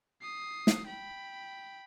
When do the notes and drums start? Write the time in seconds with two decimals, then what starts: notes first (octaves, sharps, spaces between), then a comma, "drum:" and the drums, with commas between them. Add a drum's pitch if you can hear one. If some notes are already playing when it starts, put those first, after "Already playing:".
0.21 D#6 C7
0.67 drum: snare
0.86 G5 B5